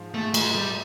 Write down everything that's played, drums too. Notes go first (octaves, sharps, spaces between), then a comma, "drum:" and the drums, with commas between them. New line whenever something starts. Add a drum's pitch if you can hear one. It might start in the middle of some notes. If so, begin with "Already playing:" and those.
Already playing: G#2 F3
G#2 A3
G#3, drum: cymbal
G3 A3